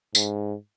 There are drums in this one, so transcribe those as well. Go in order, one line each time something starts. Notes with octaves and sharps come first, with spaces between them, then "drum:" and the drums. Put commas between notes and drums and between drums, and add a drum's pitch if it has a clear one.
G#2, drum: tambourine